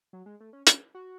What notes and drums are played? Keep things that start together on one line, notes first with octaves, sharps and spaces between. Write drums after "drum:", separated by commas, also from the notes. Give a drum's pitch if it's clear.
F#3
G#3
A3
C#4
C#4, drum: hi-hat
F#4